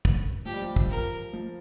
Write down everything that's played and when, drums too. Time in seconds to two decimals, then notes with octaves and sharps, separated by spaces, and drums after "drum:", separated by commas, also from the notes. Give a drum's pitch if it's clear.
0.05 drum: kick
0.45 F3 G4
0.53 G3
0.62 F3
0.76 drum: kick
0.90 A#4
1.33 F3